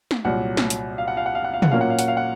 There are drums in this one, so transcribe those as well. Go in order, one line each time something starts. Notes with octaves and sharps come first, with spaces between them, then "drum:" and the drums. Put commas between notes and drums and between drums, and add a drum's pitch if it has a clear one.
drum: snare
C2 A#2 F#3 F#5
drum: snare
drum: hi-hat
F5
F#5
F5
F#5
F5
F#5
F5
F#5, drum: tom
A#2 F#3 A#3 C#4 F5
F#5
F5
F#5, drum: hi-hat
F5
F#5